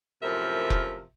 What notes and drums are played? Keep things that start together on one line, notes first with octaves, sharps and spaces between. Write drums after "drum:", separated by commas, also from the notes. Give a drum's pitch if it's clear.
F#2 A2 C3 F3 A#4 E5
drum: kick F1